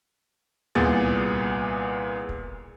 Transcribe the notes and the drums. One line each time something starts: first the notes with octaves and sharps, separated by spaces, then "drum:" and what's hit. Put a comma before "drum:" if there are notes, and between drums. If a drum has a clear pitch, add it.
C2 A#2 B3 G#4 A6, drum: tom D2
drum: kick